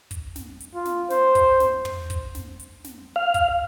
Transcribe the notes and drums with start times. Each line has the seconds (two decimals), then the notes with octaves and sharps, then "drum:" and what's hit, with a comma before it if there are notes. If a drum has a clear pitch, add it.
0.11 drum: kick, hi-hat
0.36 drum: snare
0.60 drum: hi-hat
0.75 F4
0.85 drum: snare
1.10 C5, drum: snare
1.35 drum: kick, hi-hat
1.60 drum: snare
1.85 drum: tom
2.10 drum: kick, hi-hat
2.35 drum: snare
2.60 drum: hi-hat
2.84 drum: snare
3.16 F5
3.34 drum: kick, hi-hat